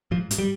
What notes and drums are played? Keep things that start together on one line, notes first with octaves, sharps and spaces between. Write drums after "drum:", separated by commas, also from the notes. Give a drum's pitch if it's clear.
G#2 F3
G#2, drum: hi-hat
G3